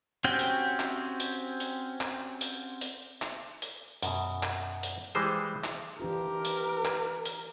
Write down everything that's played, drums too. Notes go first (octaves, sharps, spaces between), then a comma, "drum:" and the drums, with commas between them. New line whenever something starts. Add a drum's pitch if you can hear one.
C4 C#4 F#4 G4 G5
drum: hi-hat
drum: clap
drum: hi-hat
drum: hi-hat
drum: clap
drum: hi-hat
drum: hi-hat
drum: clap
drum: hi-hat
F#2 B2, drum: hi-hat
drum: clap
drum: hi-hat
E3 G3 G#3 G#4 C5
drum: clap
E3 D4 F4 G4 A#4 B4
drum: hi-hat
drum: clap
drum: hi-hat